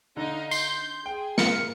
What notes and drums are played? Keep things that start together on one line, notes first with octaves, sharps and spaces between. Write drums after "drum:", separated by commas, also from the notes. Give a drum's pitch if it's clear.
D3 D#4 F5
C6 G6, drum: tambourine
G#4 G5
F4 A#4 C#7, drum: snare